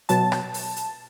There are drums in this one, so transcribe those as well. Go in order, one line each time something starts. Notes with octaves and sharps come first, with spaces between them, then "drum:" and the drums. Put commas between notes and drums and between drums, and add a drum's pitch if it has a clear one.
B2 F#3 A5, drum: hi-hat
drum: rim click
drum: open hi-hat
drum: hi-hat